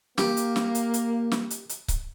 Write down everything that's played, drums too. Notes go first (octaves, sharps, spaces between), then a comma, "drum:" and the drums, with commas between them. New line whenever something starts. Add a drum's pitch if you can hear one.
A#3 G4, drum: snare
drum: hi-hat
drum: snare
drum: hi-hat
drum: hi-hat
drum: snare
drum: hi-hat
drum: hi-hat
drum: kick C#1, hi-hat